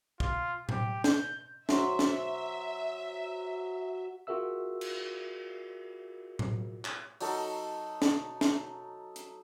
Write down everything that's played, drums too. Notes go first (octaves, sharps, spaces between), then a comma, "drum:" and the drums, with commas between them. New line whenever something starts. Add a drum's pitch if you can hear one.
F4, drum: kick
G4, drum: tom A2
G6, drum: snare
F#3 C5 E5, drum: snare
drum: snare
F4 F#4 G#4 A#4 E5 E6
drum: cymbal
drum: tom A2
drum: clap
F#3 D#4 A4, drum: open hi-hat
drum: snare
drum: snare
drum: hi-hat